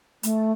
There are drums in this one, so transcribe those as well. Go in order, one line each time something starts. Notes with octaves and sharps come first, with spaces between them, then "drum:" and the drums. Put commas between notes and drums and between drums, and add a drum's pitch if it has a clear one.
A3, drum: hi-hat